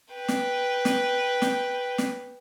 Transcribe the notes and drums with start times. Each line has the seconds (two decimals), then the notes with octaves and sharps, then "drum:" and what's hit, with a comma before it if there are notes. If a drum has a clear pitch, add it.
0.14 B4 G5
0.28 drum: snare
0.85 drum: snare
1.42 drum: snare
1.98 drum: snare